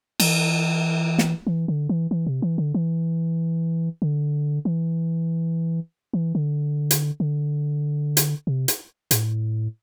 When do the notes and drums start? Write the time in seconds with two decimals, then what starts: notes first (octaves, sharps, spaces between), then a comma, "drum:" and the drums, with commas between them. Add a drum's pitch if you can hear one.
0.20 E3, drum: cymbal
1.18 drum: snare
1.47 E3
1.68 D3
1.89 E3
2.11 E3
2.27 C3
2.42 E3
2.58 D3
2.74 E3
4.02 D3
4.65 E3
6.13 E3
6.35 D3
6.91 drum: hi-hat
7.20 D3
8.17 drum: hi-hat
8.47 C3
8.68 drum: hi-hat
9.11 A2, drum: hi-hat